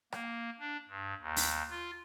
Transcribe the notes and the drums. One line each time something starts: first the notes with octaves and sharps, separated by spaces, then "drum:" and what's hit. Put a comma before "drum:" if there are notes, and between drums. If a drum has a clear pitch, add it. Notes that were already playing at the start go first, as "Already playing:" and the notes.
A#3, drum: rim click
D4
G2
D#2
drum: open hi-hat
F4